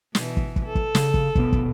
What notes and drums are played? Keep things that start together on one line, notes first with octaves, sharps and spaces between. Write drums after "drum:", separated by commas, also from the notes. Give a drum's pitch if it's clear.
B2 E3, drum: snare
drum: kick
drum: kick
A4
drum: kick
C#3, drum: snare
drum: kick
D#1 B2 B3, drum: kick
drum: kick